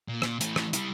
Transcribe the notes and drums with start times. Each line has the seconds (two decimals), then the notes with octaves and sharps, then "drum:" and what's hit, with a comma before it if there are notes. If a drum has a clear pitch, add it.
0.08 A#2
0.22 drum: rim click
0.41 E3 A3, drum: hi-hat
0.56 drum: rim click
0.73 G3 E4, drum: hi-hat